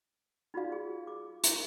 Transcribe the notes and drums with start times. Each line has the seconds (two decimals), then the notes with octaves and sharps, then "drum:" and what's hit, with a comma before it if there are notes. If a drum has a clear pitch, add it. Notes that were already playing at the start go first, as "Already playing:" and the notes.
0.54 D#4 F4 F#4 G#4 D5 F5
0.72 G#4
1.07 G#4 D6
1.44 D#4 A#4 A5 A#5 C#6, drum: hi-hat